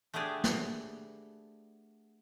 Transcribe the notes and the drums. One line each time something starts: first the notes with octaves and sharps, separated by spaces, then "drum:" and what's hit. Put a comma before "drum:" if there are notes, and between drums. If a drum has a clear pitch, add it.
A3 B3 D4 G4 G#4 D5
drum: snare